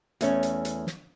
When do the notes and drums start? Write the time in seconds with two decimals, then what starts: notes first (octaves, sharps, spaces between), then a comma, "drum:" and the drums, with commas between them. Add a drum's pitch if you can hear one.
0.21 E2 A3 C#4, drum: hi-hat
0.43 drum: hi-hat
0.65 drum: hi-hat
0.87 drum: snare